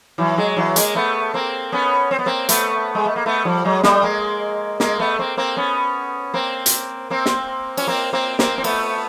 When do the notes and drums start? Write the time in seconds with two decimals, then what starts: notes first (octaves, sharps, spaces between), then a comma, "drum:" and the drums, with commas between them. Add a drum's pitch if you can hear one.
0.18 E3 F#3
0.37 F#3 G#3
0.57 E3 F#3
0.76 G#3 A#3, drum: hi-hat
0.95 A3 B3
1.34 A#3 C4
1.72 B3 C#4
2.11 C4
2.19 B3
2.26 A#3 C4
2.49 A3 B3, drum: hi-hat
2.95 G#3
3.06 A3
3.16 A#3
3.26 A3 B3
3.45 F3 G3
3.64 F#3 G#3
3.83 G3 A3, drum: snare
4.03 G#3 A#3
4.80 G#3 A#3, drum: snare
4.99 A3 B3
5.19 A#3 C4
5.37 A#3 C4
5.57 B3 C#4
6.34 A#3 C4
6.66 drum: hi-hat
7.10 A#3 C4
7.26 drum: snare
7.77 C#4, drum: cymbal
7.87 A#3 C4
8.13 A#3 C4
8.39 A#3 C4, drum: snare
8.58 C4
8.64 A3 B3, drum: cymbal